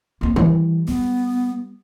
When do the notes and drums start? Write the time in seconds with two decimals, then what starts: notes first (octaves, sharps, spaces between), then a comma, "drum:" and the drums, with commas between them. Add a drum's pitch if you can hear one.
0.21 A#3 C4
0.36 E3 G3, drum: tom D#3
0.87 G3 B3